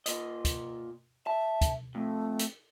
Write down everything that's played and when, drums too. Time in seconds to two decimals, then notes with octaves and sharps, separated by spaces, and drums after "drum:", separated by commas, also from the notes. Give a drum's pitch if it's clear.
0.06 A#2 D#5, drum: hi-hat
0.45 drum: kick, hi-hat
1.27 E5 A5
1.61 drum: kick, hi-hat
1.95 F2 A3
2.39 drum: hi-hat